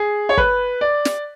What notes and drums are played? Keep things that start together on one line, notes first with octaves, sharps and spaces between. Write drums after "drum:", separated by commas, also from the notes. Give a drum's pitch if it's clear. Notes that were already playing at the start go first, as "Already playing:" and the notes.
Already playing: G#4
C#5
B4, drum: kick
D5
drum: snare